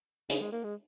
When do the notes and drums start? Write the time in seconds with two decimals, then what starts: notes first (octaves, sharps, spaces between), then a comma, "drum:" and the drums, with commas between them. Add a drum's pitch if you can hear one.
0.30 C#3, drum: hi-hat
0.41 G#3
0.52 A#3
0.64 G#3